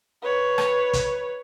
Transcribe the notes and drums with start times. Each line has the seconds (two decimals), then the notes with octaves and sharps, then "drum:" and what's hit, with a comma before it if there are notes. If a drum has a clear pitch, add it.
0.22 B4 C#5
0.58 drum: rim click
0.93 drum: kick, hi-hat